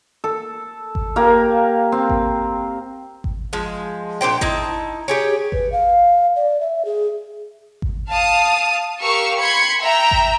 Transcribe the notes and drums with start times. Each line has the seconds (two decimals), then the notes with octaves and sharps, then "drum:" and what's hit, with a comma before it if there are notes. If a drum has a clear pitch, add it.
0.24 A4
0.95 drum: kick G#1
1.16 A#3 G4 F5
1.92 C4
2.10 drum: kick G#1
3.24 drum: kick G#1
3.53 F3 G#3
4.21 A#2 D4 C5 G5
4.41 D#4 E4 A5, drum: kick G#1
5.08 G4 G#4 C#5
5.52 B4, drum: kick G#1
5.72 F5
6.36 D5
6.60 E5
6.85 G#4
7.82 drum: kick G#1
8.09 F5 A5 D#6
9.01 G4 A#4 F5 C#6 E6
9.38 B5 C6 G#6 C#7
9.81 E5 G5 A#5
10.11 drum: kick G#1